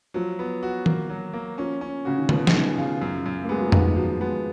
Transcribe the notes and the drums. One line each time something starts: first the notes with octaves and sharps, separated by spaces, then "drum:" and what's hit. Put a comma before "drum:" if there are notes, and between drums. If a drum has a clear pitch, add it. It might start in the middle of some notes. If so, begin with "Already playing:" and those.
F3 F#3
B3
F#4
A#3, drum: tom
F#3
A#3
F3 C#4
C#4
C#3 F#4
D#3
B2 F3, drum: tom
C#3, drum: snare
D#3 G#4
C#3 F4
F#2
F#2
A#3
G#3 B3
F#3
F3
D#3 B3, drum: tom F2
F3 F#3
G#3 B3